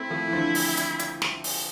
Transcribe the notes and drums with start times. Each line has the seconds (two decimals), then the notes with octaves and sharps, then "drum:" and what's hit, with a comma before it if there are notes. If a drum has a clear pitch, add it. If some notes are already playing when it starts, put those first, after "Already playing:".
Already playing: A3 C4 E4
0.10 F3 A3
0.28 E3
0.33 D3 F3
0.55 drum: open hi-hat
0.77 drum: hi-hat
0.99 drum: hi-hat
1.22 drum: snare
1.44 drum: open hi-hat